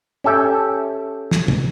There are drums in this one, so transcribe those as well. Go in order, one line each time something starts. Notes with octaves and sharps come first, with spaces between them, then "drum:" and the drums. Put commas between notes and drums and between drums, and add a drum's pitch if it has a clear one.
C#4 G4 A4 E5 G5
drum: snare
drum: tom